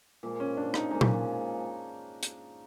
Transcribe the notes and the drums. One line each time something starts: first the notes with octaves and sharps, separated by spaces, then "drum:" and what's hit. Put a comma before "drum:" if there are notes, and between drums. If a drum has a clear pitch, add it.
A#2 F3 G#3
C#4
D4
D#4, drum: rim click
A#2 F3 G#3 D#4
drum: tom A#2
drum: hi-hat